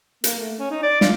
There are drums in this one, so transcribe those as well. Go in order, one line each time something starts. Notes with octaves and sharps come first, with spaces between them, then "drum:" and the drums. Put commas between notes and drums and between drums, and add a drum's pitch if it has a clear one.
A#3, drum: hi-hat
A3
C#4
D#4
D5
F4, drum: snare